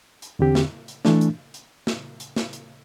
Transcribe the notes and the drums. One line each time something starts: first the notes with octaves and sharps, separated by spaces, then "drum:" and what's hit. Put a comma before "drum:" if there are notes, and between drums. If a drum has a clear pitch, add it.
drum: hi-hat
E2 D3 C4 G4
drum: snare
drum: hi-hat
E3 A3 D4, drum: snare
drum: hi-hat
drum: hi-hat
drum: snare
drum: hi-hat
drum: snare
drum: hi-hat